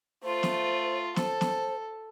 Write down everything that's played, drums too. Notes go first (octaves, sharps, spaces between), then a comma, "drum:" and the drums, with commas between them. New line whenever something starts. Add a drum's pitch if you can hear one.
A3 F4 C5
drum: snare
A4 C5, drum: snare
drum: snare